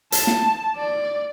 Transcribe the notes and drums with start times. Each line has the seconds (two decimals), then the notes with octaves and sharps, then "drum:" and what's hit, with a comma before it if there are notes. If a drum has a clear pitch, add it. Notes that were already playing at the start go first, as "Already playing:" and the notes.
0.12 A5, drum: hi-hat
0.27 drum: snare
0.77 D5